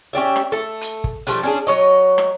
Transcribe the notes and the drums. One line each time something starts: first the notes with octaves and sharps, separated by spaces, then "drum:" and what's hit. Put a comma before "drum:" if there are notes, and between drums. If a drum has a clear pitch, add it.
C#4 G4 D5 E5
drum: rim click
A3 A4
drum: hi-hat
drum: kick
F3 G3 A3 D4, drum: hi-hat
C#4 D4 G#4
F#3 C#5 D#5
drum: rim click